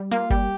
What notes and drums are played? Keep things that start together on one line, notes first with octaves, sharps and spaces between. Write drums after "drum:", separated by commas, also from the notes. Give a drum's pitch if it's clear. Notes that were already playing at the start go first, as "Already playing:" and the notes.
Already playing: G3
A#3 F4 F5
G3 G4 G5, drum: kick G1